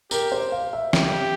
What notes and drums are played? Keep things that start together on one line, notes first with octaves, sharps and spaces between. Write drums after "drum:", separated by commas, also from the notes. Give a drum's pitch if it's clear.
G4 A#4, drum: tambourine
C5
F5
E5
G4, drum: snare